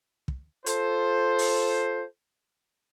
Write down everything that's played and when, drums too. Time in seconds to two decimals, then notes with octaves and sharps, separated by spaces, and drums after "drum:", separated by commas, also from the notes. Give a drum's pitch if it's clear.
0.28 drum: kick
0.66 F4 A4 C5, drum: hi-hat
1.39 drum: open hi-hat